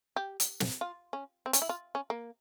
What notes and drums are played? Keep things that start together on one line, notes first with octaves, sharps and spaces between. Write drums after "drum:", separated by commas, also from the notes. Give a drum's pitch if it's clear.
G4
drum: hi-hat
drum: snare
F4
C#4
C4
C#4, drum: hi-hat
E4
F4
C#4
A#3